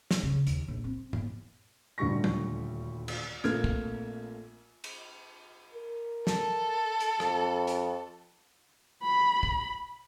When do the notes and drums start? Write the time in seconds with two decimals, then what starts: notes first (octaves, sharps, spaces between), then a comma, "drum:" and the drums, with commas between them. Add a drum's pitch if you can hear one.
0.11 drum: snare
0.23 C#3
0.47 D#2, drum: hi-hat
0.68 A#1
0.84 C4
1.13 A#3, drum: tom G#2
1.98 D#1 D2 D3 G3 C#6 A#6
2.24 drum: tom F#3
3.08 drum: cymbal
3.44 A#1 A3 A#3 C4 F6 G#6, drum: rim click
3.64 drum: kick
4.84 drum: cymbal
5.74 A#4
6.27 A4, drum: snare
7.00 drum: hi-hat
7.20 F2, drum: rim click
7.67 drum: hi-hat
9.03 B5
9.43 drum: kick